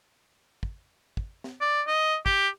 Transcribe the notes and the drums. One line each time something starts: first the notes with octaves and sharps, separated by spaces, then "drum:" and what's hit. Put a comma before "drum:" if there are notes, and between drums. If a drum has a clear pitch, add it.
drum: kick
drum: kick
drum: snare
D5
D#5
G4, drum: kick